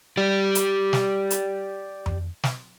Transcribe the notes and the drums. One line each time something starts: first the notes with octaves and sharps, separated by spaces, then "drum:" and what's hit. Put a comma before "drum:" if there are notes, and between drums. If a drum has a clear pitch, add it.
G4 D5
drum: hi-hat
drum: snare
drum: hi-hat
drum: tom F2
drum: snare